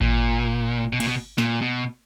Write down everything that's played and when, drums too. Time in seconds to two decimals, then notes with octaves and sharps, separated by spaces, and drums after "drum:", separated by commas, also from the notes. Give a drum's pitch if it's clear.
0.01 A#2, drum: kick G#1
0.93 B2
1.00 A#2, drum: cymbal
1.08 B2
1.38 A#2, drum: snare
1.61 B2